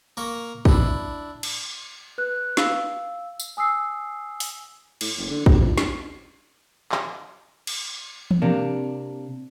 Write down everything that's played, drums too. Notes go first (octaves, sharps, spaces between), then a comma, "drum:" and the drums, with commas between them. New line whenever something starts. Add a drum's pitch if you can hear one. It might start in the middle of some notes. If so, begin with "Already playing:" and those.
A#3 A#4 C#6
D4 E4, drum: kick
drum: cymbal
B4 F#6
F5 E6, drum: snare
drum: tambourine
G#5 D#6 E6 C7
drum: open hi-hat
A2, drum: cymbal
F#1
D3
G2, drum: kick
F3
C#2, drum: snare
drum: clap
drum: cymbal
drum: tom E3
C3 A#3 D4